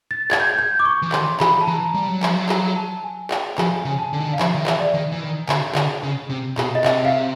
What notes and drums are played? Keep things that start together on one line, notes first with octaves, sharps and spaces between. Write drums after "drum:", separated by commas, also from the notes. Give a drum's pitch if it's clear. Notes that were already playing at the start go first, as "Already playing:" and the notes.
A6
G#6, drum: clap
G6
G#6
G6
D6
C#6
E3
D#3 C6, drum: clap
E3 B5, drum: clap
A5
E3 A#5
G3
F#3
F3, drum: clap
F#3
drum: clap
A5
G#5
G5, drum: clap
F3 G#5, drum: clap
C#3
G#5
A5
D3
D#3
D3
F5
F3 E5, drum: clap
D#3 E5
E3, drum: clap
D5
D#3
E3
D#3
D3, drum: clap
D3, drum: clap
C#3
C3
B2, drum: clap
D#5
C3 E5, drum: clap
F5